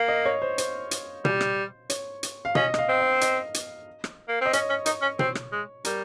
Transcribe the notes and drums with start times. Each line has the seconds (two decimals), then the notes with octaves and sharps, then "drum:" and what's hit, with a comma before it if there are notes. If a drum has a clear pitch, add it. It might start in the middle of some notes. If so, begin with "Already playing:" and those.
Already playing: A#3 F5
0.08 D#5
0.26 C#5
0.42 C5
0.58 C5, drum: hi-hat
0.91 drum: hi-hat
1.25 G3, drum: tom B2
1.41 drum: rim click
1.90 C#5, drum: hi-hat
2.23 drum: hi-hat
2.45 F5
2.55 C#4 D#5, drum: tom B2
2.74 D#5, drum: rim click
2.78 F5
2.89 C4
3.00 D#5
3.21 D#5, drum: hi-hat
3.54 drum: hi-hat
4.04 drum: rim click
4.29 A#3
4.41 C4 D#5
4.53 C#4 C#5, drum: hi-hat
4.70 C#4
4.86 D#4, drum: hi-hat
5.02 C#4
5.19 C4, drum: tom B2
5.35 drum: rim click
5.52 G#3
5.85 G3 A#4, drum: hi-hat